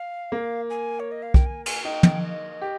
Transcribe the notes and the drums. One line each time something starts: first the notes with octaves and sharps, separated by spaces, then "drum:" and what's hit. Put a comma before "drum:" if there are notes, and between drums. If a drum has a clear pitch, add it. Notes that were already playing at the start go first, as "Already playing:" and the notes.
Already playing: F5
A#3
G#5
C#5
D#5
F5
G5, drum: kick
G#5
G#5, drum: cymbal
D#4 G5
drum: tom
D#5
G4